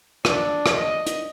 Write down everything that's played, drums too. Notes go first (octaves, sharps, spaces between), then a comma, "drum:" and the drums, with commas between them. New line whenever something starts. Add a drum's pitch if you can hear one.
D4, drum: rim click
drum: rim click
D#5
drum: hi-hat